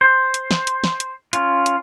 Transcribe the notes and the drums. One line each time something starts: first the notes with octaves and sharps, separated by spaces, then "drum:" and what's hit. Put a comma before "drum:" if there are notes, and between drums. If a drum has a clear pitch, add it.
C5
drum: hi-hat
drum: snare
drum: hi-hat
drum: snare
drum: hi-hat
C#4 F4, drum: hi-hat
drum: hi-hat